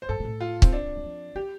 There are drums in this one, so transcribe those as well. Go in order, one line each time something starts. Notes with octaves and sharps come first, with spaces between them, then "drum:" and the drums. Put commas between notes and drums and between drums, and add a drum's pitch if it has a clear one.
C5
G2 A4
C3
A2
F4
C4, drum: kick
D3 D4
D3
F3
D3 G4